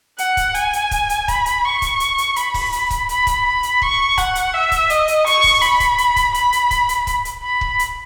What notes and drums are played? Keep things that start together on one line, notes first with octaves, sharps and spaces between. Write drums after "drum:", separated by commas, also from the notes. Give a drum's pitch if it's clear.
F#5, drum: hi-hat
drum: kick, hi-hat
G#5, drum: hi-hat
drum: hi-hat
drum: kick, hi-hat
drum: hi-hat
B5, drum: kick, hi-hat
drum: hi-hat
C#6
drum: kick, hi-hat
drum: hi-hat
drum: hi-hat
B5, drum: hi-hat
drum: kick, open hi-hat
drum: hi-hat
drum: kick, hi-hat
B5, drum: hi-hat
drum: kick, hi-hat
B5
drum: hi-hat
C#6, drum: kick
F#5, drum: kick, hi-hat
drum: hi-hat
E5
drum: kick, hi-hat
D#5, drum: hi-hat
drum: hi-hat
C#6, drum: hi-hat
drum: kick, open hi-hat
B5, drum: hi-hat
drum: kick, hi-hat
drum: hi-hat
drum: kick, hi-hat
B5, drum: hi-hat
drum: hi-hat
drum: kick, hi-hat
drum: hi-hat
drum: kick, hi-hat
drum: hi-hat
B5
drum: kick
drum: hi-hat